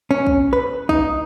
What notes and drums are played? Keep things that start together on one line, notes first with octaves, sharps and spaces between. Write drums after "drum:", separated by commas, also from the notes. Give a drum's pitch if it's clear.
C#4
drum: kick
B4
D#4, drum: kick